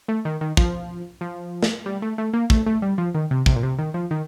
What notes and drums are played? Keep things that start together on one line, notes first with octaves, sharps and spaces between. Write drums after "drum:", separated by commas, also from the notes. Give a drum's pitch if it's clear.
A3
D#3
D#3
F3, drum: kick
F3
drum: snare
G3
A3
A3
A#3
A3, drum: kick
A3
G3
F3
D#3
C3
C3, drum: kick
A#2
C3
D#3
F3
D#3